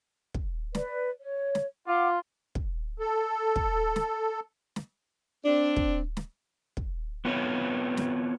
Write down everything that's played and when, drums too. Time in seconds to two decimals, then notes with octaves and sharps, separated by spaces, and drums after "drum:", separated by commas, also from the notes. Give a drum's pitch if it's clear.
0.34 drum: kick
0.75 B4 D5, drum: snare
1.21 C#5
1.55 drum: snare
1.87 F4 F#5 D6
2.55 drum: kick
2.99 A4
3.56 drum: kick
3.96 drum: snare
4.76 drum: snare
5.45 C4 D4
5.76 drum: kick
6.17 drum: snare
6.77 drum: kick
7.25 B3 C4 F4 B4 C#5
7.97 drum: snare